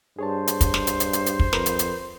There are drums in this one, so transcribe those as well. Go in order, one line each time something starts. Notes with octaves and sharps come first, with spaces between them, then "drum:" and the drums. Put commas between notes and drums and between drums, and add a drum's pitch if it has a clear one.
G2 G#4 C5 C#5 A5
drum: hi-hat
drum: kick, hi-hat
drum: snare
drum: hi-hat
drum: hi-hat
drum: hi-hat
drum: hi-hat
drum: kick
F2 A#4 B4, drum: snare
drum: hi-hat
drum: hi-hat